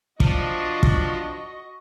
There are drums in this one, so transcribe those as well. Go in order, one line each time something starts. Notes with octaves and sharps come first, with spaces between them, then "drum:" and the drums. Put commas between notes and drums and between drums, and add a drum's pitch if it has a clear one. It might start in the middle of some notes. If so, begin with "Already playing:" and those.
F3 D4 F#4 D#5 C#6, drum: kick
drum: kick